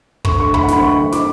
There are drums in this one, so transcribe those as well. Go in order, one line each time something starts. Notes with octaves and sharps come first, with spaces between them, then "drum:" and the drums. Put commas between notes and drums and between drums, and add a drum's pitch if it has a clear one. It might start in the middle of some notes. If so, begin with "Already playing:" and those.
D2 C#6, drum: kick
D3 C#6
D2 B5, drum: kick
F#5
D3 B5, drum: snare
B5
D2 C#6
D3
D6, drum: snare